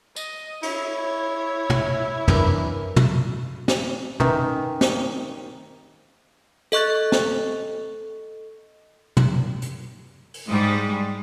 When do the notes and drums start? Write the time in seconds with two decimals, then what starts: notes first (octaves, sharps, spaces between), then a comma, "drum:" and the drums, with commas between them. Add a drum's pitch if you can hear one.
0.16 D#5, drum: tambourine
0.63 E4 C#5, drum: cymbal
1.70 drum: tom
2.28 E3 A#3 D4, drum: tom
2.96 drum: tom
3.68 drum: snare
4.20 D#3 C#4 B4 E5, drum: tom
4.81 drum: snare
6.72 A4 D#5 C#6 F#6 A6, drum: hi-hat
7.12 drum: snare
9.17 drum: tom
9.62 drum: hi-hat
10.34 drum: open hi-hat
10.47 G#2 G3 G#3